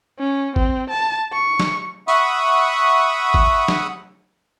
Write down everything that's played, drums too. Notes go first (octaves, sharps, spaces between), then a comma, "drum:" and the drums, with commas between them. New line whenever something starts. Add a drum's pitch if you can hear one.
C#4
C4, drum: kick
A5
C#6
drum: snare
E5 F#5 B5 C#6 D#6, drum: tambourine
drum: kick
drum: snare